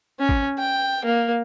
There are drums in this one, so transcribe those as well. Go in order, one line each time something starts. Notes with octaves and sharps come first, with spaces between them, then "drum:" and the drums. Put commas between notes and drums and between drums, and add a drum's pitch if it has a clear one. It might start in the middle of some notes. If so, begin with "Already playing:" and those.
C#4
drum: kick G#1
G5
A#3